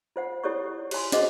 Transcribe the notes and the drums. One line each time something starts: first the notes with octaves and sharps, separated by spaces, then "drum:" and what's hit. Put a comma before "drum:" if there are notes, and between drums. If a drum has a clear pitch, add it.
F4 C5 F#5
E4 G4 A4 C#5 D5 C#6
G4 C#5 G#5 C6, drum: cymbal
F#4 G#4 C5 D#5 F#5 D6, drum: snare